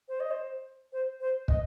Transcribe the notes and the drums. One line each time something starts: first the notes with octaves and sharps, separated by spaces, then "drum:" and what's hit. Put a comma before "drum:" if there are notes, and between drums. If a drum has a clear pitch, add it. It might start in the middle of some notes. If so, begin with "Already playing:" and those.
C5
D#5
C5
C5
C5
D#5, drum: kick